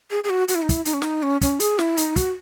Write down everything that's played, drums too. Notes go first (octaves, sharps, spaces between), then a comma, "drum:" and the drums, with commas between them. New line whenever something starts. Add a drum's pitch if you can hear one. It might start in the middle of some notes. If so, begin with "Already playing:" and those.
G#4
G#4
F#4
F#4, drum: hi-hat
E4
D#4
E4, drum: kick, hi-hat
D#4, drum: hi-hat
C#4
D#4, drum: snare
C#4
C#4, drum: kick, hi-hat
G#4, drum: hi-hat
E4, drum: snare
D#4, drum: hi-hat
F#4, drum: kick, hi-hat